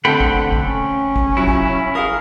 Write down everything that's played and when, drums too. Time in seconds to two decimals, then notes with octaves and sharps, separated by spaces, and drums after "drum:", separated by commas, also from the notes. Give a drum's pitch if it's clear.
0.05 D3 A3 C4 A4 F#5 G5 B5
0.20 drum: kick
0.52 drum: kick
0.63 C#4
1.16 drum: kick
1.37 C#3 F#3 E4
1.47 drum: kick
1.95 G#4 A#4 F5 D#6